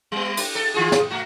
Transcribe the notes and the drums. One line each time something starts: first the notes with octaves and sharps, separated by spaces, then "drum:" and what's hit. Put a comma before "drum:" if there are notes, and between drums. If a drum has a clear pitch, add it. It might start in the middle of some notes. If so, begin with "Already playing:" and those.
G3 B3
drum: cymbal
A4
D#3 F4 G#4
drum: snare
A3 F#4